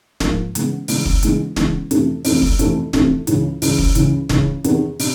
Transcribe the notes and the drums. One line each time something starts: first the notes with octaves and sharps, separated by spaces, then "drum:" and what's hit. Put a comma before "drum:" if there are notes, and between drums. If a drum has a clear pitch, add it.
G#2 F3 A#3, drum: snare
C#3 E3 G#3 B3, drum: hi-hat
C#3 E3 G#3 B3, drum: open hi-hat
drum: kick
C#3 E3 G#3 B3, drum: hi-hat
C#3 E3 G#3 B3, drum: snare
F2 C3 E3 A3, drum: hi-hat
F2 C3 E3 A3, drum: open hi-hat
drum: kick
F2 C3 E3 A3, drum: hi-hat
F2 C3 E3 A3, drum: snare
C#2 C#3 E3, drum: hi-hat
C#2 C#3 E3, drum: open hi-hat
drum: kick
C#2 C#3 E3, drum: hi-hat
C#2 C#3 E3, drum: snare
E2 C3 D#3, drum: hi-hat
C3, drum: open hi-hat